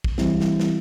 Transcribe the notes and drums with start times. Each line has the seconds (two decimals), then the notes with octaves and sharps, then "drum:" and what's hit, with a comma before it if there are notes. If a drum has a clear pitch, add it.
0.04 drum: kick
0.18 E3 G3 C4 E4, drum: snare
0.41 drum: snare
0.60 drum: snare